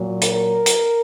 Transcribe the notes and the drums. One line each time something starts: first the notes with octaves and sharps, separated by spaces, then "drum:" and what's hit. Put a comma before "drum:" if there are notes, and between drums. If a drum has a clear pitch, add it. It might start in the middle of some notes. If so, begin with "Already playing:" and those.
Already playing: A#2 F#3
A#4, drum: hi-hat
drum: hi-hat